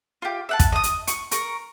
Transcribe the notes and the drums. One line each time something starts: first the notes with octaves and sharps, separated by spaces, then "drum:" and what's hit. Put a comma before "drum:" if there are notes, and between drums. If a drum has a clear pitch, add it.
F4 G4
E5 F#5 A5
drum: kick, hi-hat
D#5 D#6
drum: hi-hat
C#6, drum: hi-hat
A#4 C#6, drum: hi-hat